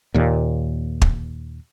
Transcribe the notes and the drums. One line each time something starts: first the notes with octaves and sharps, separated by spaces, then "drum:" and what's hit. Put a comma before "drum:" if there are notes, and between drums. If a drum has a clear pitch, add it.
D#2 A#2
drum: kick